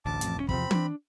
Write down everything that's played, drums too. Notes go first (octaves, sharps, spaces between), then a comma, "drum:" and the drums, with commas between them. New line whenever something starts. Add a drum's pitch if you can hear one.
A1 D2 A5 D6
A1 F2, drum: hi-hat
D#1 D#3 C#4
E2 C3 F3 C4 B5, drum: kick
A#3 D4, drum: tom E3